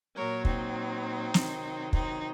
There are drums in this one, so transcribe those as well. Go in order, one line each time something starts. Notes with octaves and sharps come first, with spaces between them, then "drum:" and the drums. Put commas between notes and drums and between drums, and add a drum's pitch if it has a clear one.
A#2 F#3 A#4 C#5
C4 D#4, drum: kick
C3 D#3 F#3, drum: snare
C4 D#4, drum: kick